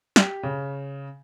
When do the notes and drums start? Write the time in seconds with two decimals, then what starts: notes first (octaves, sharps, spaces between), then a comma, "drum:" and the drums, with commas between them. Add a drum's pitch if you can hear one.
0.16 G4, drum: snare
0.43 C#3